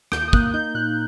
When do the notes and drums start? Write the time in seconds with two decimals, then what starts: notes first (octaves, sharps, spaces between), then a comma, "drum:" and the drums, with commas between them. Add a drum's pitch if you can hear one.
0.12 D#2 G6, drum: rim click
0.28 D#6
0.33 A#3 F#6, drum: kick
0.54 D#4 G6
0.74 A#2 F#6